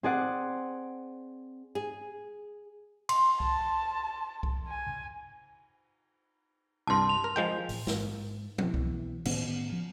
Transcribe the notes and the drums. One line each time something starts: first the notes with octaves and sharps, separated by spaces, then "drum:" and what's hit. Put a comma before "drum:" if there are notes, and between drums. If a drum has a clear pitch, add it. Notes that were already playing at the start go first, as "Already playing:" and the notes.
C4 G#4 D5 F#5
G#4
C6, drum: cymbal
A5, drum: kick C2
drum: kick C2
G#5
C2 G2 A5 C6
F7
A#4
F3 G#3 G5
A1, drum: open hi-hat
G#2, drum: snare
B2 E3, drum: tom F3
drum: kick C2
A2 D#3 B3 C#4, drum: cymbal
F3